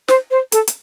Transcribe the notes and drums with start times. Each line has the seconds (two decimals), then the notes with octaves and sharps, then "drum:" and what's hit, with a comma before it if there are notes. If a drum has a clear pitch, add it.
0.08 C5, drum: snare
0.31 C5
0.52 A4, drum: hi-hat
0.68 drum: hi-hat